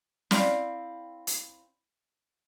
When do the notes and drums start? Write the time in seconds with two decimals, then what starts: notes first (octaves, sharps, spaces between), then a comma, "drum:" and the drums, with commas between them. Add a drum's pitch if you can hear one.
0.31 C4 E4 D5 F5, drum: snare
1.27 drum: hi-hat